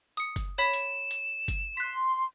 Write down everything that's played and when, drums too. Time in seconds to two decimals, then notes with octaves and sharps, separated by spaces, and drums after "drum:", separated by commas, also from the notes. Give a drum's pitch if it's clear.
0.17 D#6 C#7
0.36 drum: kick F#1, hi-hat
0.58 C#5 B5 B6 E7
0.73 drum: hi-hat
1.11 drum: hi-hat
1.48 drum: kick F#1, hi-hat
1.77 C6 F#6 B6